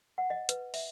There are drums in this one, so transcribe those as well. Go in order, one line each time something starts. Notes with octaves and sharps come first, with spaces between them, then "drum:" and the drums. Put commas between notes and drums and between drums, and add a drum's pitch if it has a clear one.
F#5
D#5
B4, drum: hi-hat
E5, drum: open hi-hat